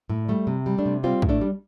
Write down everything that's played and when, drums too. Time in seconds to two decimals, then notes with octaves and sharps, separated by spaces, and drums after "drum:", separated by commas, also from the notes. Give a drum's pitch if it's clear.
0.09 A2
0.28 G3 A3
0.47 C3
0.66 G3
0.78 A3 D4
0.86 C3
1.03 G3 C4 F4
1.22 A2, drum: kick
1.29 A3 D4
1.41 G3